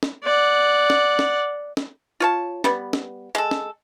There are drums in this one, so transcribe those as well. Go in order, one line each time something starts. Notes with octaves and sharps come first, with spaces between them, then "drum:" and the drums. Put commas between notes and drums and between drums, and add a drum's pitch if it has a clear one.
drum: snare
D5 F#5
drum: snare
drum: snare
drum: snare
F4 C#5 A5
G3 B3, drum: snare
drum: snare
G#3 A4
drum: snare